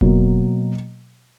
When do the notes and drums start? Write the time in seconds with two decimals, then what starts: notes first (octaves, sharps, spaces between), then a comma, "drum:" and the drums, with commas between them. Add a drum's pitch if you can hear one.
0.01 B2 F#3 A#3, drum: kick F1